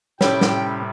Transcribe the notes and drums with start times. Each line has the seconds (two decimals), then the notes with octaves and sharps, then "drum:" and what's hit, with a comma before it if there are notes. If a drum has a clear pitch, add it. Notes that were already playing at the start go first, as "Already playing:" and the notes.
0.21 A2 C3 G3 C#4 E4 G4 A4 G5, drum: snare
0.41 drum: snare